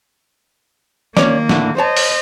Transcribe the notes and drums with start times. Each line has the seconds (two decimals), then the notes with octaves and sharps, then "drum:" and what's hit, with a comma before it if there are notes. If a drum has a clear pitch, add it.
1.17 D#3 A#3 C#4 C#5 D5, drum: snare
1.49 A2 D3 A3, drum: snare
1.78 C5 C#5 D#5 A5
1.97 drum: open hi-hat